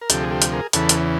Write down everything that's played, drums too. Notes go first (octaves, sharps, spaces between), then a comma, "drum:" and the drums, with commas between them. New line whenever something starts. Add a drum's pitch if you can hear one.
A#4
D2 C3 F3 G4 A4, drum: hi-hat
G#4
G4 A4
drum: hi-hat
G#4 A#4
E2 C#3 E3 A4 B4, drum: hi-hat
drum: hi-hat